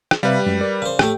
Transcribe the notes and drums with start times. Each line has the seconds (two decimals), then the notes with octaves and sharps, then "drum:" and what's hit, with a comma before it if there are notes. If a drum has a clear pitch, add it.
0.11 drum: rim click
0.23 C3 G3 B4 E5 F5
0.46 F#2 G#3
0.61 A#4 D5
0.82 C#3 C5
0.99 A2 A3 G4 G5, drum: rim click